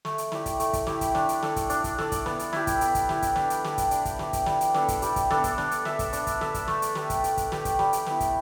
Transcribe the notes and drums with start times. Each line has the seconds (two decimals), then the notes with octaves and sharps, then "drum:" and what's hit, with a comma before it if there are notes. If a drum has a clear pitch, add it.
0.05 A3, drum: snare
0.18 drum: hi-hat
0.32 E4 G4 D5, drum: snare
0.46 drum: kick, hi-hat
0.60 A3, drum: hi-hat
0.73 drum: kick, hi-hat
0.87 E4 G4 D5, drum: snare
1.01 drum: kick, hi-hat
1.15 D4, drum: snare
1.29 drum: hi-hat
1.42 A4 D5, drum: snare
1.56 drum: kick, hi-hat
1.70 D4, drum: hi-hat
1.84 drum: kick, hi-hat
1.98 A4 D5, drum: snare
2.12 drum: kick, hi-hat
2.26 B3, drum: snare
2.39 drum: hi-hat
2.53 E4 G4, drum: snare
2.67 drum: kick, hi-hat
2.81 B3, drum: hi-hat
2.95 drum: kick, hi-hat
3.09 E4 G4, drum: snare
3.22 drum: kick, hi-hat
3.36 D4, drum: snare
3.50 drum: hi-hat
3.64 G4 D5, drum: snare
3.78 drum: kick, hi-hat
3.91 D4, drum: hi-hat
4.05 drum: kick, hi-hat
4.19 G4 D5, drum: snare
4.33 drum: kick, hi-hat
4.46 G3, drum: snare
4.61 drum: hi-hat
4.74 B3 D4 A4, drum: snare
4.88 drum: kick, hi-hat
5.02 G3, drum: hi-hat
5.16 drum: kick, hi-hat
5.30 B3 D4 A4, drum: snare
5.44 drum: kick, hi-hat
5.58 D4, drum: snare
5.71 drum: hi-hat
5.85 A4 E5, drum: snare
5.99 drum: kick, hi-hat
6.13 D4, drum: hi-hat
6.27 drum: kick, hi-hat
6.41 A4 E5, drum: snare
6.54 drum: kick, hi-hat
6.68 A3, drum: snare
6.82 drum: hi-hat
6.95 G4 B4, drum: snare
7.10 drum: kick, hi-hat
7.24 A3, drum: hi-hat
7.37 drum: kick, hi-hat
7.52 G4 B4, drum: snare
7.65 drum: kick, hi-hat
7.79 G3, drum: snare
7.93 drum: hi-hat
8.06 B3 E4, drum: snare
8.20 drum: kick, hi-hat